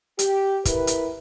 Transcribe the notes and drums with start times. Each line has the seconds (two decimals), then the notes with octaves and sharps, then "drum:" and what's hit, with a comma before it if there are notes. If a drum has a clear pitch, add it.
0.19 G4, drum: hi-hat
0.65 E4 A#4 B4, drum: kick, hi-hat
0.87 drum: hi-hat